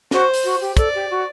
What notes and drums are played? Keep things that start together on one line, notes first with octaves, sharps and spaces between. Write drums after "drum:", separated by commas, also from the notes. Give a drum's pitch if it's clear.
F#4 C5, drum: snare
drum: open hi-hat
F#4
G4
A4 D5, drum: kick, hi-hat
G4
F#4